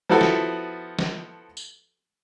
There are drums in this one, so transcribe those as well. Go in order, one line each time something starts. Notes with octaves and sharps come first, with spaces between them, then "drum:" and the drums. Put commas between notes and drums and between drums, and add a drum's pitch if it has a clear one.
F3 B3 E4 F#4 A4
drum: snare
drum: snare
drum: tambourine